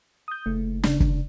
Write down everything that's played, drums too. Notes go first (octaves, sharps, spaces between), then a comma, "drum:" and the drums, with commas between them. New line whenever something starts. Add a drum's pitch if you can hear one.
D#6 G6
F#1 A3
C#3 D4, drum: snare
F1, drum: kick